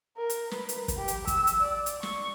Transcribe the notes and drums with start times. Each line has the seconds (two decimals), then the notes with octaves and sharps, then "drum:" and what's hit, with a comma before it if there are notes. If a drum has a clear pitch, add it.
0.17 A#4
0.30 drum: hi-hat
0.51 B4, drum: snare
0.69 drum: hi-hat
0.88 drum: kick, hi-hat
0.98 G4
1.08 drum: hi-hat
1.27 E6, drum: kick, hi-hat
1.47 drum: hi-hat
1.62 D5
1.86 drum: hi-hat
2.03 C#6, drum: snare